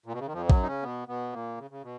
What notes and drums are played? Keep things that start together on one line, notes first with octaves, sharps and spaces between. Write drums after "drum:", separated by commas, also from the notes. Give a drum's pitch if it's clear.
A#2
B2
C#3
D#3
F2 F3
F3
F#2 F#3, drum: kick A1
D#4
C#3 C#4
B2 B3
B2 B3
A#2 A#3
C#3
C#3
B2